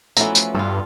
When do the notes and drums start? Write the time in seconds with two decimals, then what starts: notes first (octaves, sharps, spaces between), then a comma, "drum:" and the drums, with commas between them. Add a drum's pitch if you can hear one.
0.17 E3 F3 A3 B3 C#4 E4 F#4 A#5, drum: tambourine
0.35 drum: tambourine
0.55 G2 F4 A4